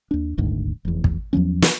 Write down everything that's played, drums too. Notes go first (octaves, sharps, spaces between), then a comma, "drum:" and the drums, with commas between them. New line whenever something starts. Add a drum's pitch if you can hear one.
D#2 D4
D#1 G#1 D2 G#2
F1 E2
drum: kick
E2 F3 F#3 C#4
drum: snare